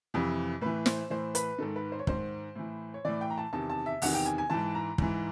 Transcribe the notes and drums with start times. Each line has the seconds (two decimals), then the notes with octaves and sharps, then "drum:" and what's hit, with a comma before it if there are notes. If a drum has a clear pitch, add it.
0.14 F2 C3 E3
0.61 A2 E3 B4
0.86 C5, drum: snare
1.10 A2 E3 C5
1.35 B4, drum: hi-hat
1.58 G#2 D#3 A4
1.76 B4
1.92 C5
1.99 C#5
2.07 G#2 D#3 C5, drum: kick
2.55 A2 E3
2.94 C#5
3.05 A2 E3 D5
3.21 G5
3.30 A#5
3.38 A5
3.53 E2 C3 D#3 A5
3.70 A5
3.86 E5
4.02 E2 C3 D#3 F#5, drum: open hi-hat
4.14 G5
4.26 G#5
4.38 G#5
4.50 G#2 E3 A5
4.75 A#5
4.98 G#2 E3, drum: kick